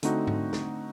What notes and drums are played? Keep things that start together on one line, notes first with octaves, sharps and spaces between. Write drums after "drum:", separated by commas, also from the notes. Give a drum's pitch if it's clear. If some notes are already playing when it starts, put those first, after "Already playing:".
D3 A3 C4 D#4 F#4, drum: hi-hat
drum: tom G#2
drum: snare